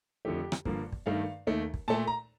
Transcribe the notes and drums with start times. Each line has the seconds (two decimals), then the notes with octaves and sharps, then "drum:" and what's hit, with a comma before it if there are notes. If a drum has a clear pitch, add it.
0.25 F2 D3 F3 A3 G4
0.52 drum: rim click
0.65 G2 D3 F3 A#3, drum: kick
0.92 drum: kick
1.06 G2 D#3 A3 F5
1.47 D#2 D#3 A3
1.74 drum: kick
1.88 A#2 A3 A5
2.07 A#5